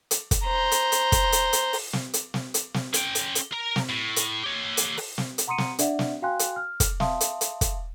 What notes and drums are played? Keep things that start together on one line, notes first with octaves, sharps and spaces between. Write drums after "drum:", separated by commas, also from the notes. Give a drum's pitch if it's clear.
drum: hi-hat
drum: kick, hi-hat
C5 A#5
drum: hi-hat
drum: hi-hat
drum: kick, hi-hat
drum: hi-hat
drum: hi-hat
drum: open hi-hat
drum: snare
drum: hi-hat
drum: snare
drum: hi-hat
drum: snare
C#4 G5, drum: hi-hat
drum: hi-hat
drum: hi-hat
A#4 A#5
drum: snare
A2
drum: hi-hat
G4 C#5
drum: hi-hat
drum: open hi-hat
drum: snare
drum: hi-hat
F#5 A#5 C6 D#6 C#7 D#7
drum: snare
D4 D5 E5 F#5, drum: hi-hat
drum: snare
F#4 F5 G5 G#5 C6 F#6
drum: hi-hat
F6
drum: kick, hi-hat
E5 F5 A5 C6 D#6, drum: snare
drum: hi-hat
drum: hi-hat
drum: kick, hi-hat